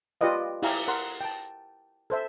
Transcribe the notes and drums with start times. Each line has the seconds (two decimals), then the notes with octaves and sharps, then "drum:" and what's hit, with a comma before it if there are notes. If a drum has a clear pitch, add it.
0.21 F4 G4 B4 D5 D#5 F5
0.62 E4 G4 F5 G5 G#5 A#5, drum: open hi-hat
0.88 A#4 F#5 C6
1.21 G5 A5
2.10 A4 C5 E5